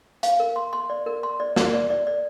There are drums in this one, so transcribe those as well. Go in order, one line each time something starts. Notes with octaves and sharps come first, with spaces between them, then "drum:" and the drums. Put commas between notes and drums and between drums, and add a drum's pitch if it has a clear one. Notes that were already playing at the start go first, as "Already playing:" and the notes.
F5, drum: hi-hat
A#4
C6
C6
D5
A#4
C6
D5
A#4, drum: snare
D5
D5
D5